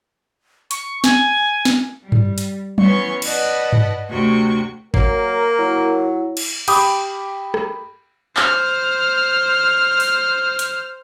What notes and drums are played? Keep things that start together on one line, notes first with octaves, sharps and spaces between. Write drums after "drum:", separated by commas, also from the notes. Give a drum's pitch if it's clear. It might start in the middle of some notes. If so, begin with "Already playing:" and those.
C#6, drum: hi-hat
G#5, drum: snare
drum: snare
G3
drum: tom G2
drum: hi-hat
E3 B3 C#4 C#5 C6 C#6, drum: tom F#3
B4 D5 D#5 F#5 A5 B5, drum: cymbal
drum: tom G2
D2 C3 A3 F#4 G5 C#6
F#3 A#3 A#4, drum: kick G#1
F#3 E4
drum: cymbal
G4 G5 B5 D6 D#6, drum: cymbal
drum: rim click
C5 F6, drum: clap
drum: open hi-hat
drum: hi-hat